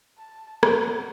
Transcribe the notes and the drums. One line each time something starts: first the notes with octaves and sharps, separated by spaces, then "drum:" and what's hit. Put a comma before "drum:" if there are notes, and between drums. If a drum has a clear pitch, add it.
A5
F#5, drum: rim click